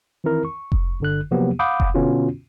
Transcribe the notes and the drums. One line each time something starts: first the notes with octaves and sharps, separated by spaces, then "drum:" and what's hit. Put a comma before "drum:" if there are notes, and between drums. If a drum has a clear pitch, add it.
D#3 E3 C4 E4 A#4
C#6
drum: kick F1
G1 D3 F#6
C3 F3 F#3 A#3 B3 G4
F5 F#5 B5 D6 D#6 G6
drum: kick F1
B2 D3 B3 C#4 F4 F#4